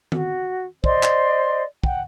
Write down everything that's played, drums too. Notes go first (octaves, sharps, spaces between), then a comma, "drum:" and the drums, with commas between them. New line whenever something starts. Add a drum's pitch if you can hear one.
F#4, drum: tom D#3
C5 D5 D#5 C6, drum: kick
drum: clap
F#5 G5, drum: kick